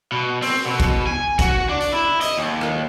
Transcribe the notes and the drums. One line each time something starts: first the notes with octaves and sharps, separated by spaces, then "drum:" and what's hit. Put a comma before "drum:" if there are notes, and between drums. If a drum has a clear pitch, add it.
B2
C4, drum: open hi-hat
B2
drum: kick, hi-hat
G#5
F#4, drum: kick, hi-hat
D4
drum: hi-hat
E4
D#5, drum: hi-hat
D#2
drum: rim click